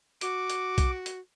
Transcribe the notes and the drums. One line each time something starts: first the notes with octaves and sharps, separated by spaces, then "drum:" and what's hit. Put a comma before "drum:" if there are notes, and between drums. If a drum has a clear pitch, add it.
F#4 D6, drum: hi-hat
drum: hi-hat
drum: kick B1, hi-hat
drum: hi-hat